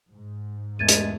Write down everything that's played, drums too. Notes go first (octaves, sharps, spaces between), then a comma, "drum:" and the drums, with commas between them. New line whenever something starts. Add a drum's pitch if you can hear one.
G#2
E2 G#3 A3 G#6 A6 D#7
drum: hi-hat